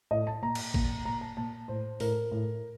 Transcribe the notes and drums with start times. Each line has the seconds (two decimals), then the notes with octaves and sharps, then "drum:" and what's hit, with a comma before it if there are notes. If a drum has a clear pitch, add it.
0.11 A2 D#5
0.27 A5
0.42 A#2 A#5
0.55 drum: cymbal
0.74 A#2, drum: kick
1.05 A#2 A#5
1.21 A5
1.37 A#2 A5
1.68 A2 C5
2.00 A2 A#4, drum: open hi-hat
2.32 A2